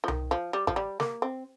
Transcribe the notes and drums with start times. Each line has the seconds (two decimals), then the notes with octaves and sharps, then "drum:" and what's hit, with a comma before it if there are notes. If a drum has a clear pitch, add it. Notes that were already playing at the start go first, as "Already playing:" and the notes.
0.04 F3
0.08 D#3, drum: tom C2
0.31 F3
0.53 G3
0.67 F3, drum: kick G#1
0.76 G3
1.00 A#3, drum: snare
1.22 C4